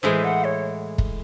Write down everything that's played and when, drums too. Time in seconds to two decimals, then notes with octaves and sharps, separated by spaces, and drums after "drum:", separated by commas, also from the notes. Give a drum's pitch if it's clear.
0.02 A2 E3 G#3 C5
0.24 F#5
0.44 C#5
0.98 drum: kick